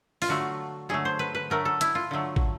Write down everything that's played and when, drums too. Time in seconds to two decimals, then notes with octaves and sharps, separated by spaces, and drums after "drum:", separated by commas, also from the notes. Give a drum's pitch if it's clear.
0.22 F4, drum: open hi-hat
0.29 D3 F#3 A3 F#4
0.89 D3 F#3 A3 G#4
1.05 C5
1.19 B4
1.35 B4
1.50 D3 F#3 A3 A#4
1.65 A4
1.81 E4, drum: hi-hat
1.95 F4
2.11 D3 F#3 A3
2.36 drum: kick